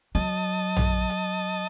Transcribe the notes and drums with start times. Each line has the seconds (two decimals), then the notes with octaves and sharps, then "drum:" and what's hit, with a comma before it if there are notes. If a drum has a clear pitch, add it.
0.15 F#3 D#5 A5
0.77 drum: tom A#1
1.10 drum: hi-hat